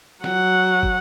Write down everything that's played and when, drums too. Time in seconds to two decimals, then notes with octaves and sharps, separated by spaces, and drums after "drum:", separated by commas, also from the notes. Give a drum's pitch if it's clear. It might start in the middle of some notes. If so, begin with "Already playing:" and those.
0.24 F#3 F#5, drum: snare
0.83 drum: kick